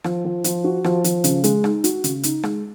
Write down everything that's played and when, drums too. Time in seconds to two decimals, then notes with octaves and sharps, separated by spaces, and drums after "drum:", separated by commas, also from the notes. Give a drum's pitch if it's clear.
0.04 F3, drum: rim click
0.25 F3
0.44 F3, drum: hi-hat
0.64 F#4
0.84 F3, drum: rim click
1.04 F3, drum: hi-hat
1.24 C#3, drum: hi-hat
1.44 G#3, drum: hi-hat
1.64 D#4, drum: rim click
1.84 F#4, drum: hi-hat
2.04 C#3, drum: hi-hat
2.23 D#4, drum: hi-hat
2.43 G#3, drum: rim click